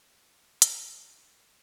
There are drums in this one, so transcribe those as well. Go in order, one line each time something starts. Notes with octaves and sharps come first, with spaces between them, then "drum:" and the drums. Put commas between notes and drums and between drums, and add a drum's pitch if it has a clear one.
D3 G3 A#3 G#4
drum: hi-hat
A4
A#4